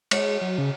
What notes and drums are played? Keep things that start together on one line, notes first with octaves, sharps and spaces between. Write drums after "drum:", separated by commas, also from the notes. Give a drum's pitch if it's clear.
G#3 C#5, drum: cymbal
F#3
C#3